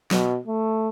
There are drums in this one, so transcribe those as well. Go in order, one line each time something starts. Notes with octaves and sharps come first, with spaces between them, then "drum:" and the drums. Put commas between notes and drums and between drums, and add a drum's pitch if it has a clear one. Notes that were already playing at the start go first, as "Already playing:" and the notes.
B2, drum: snare
A3